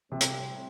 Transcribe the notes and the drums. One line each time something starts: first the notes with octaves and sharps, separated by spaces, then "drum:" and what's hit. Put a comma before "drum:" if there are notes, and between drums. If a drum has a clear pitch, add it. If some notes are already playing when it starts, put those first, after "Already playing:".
A2 C3 G3 C4
drum: hi-hat